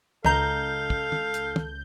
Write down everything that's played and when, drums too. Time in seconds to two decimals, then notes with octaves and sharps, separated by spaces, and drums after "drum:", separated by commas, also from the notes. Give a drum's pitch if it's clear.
0.25 C#2 A4 D#5 F5 A#5 G6, drum: tom
0.90 drum: kick
1.12 drum: tom
1.34 drum: hi-hat
1.56 drum: tom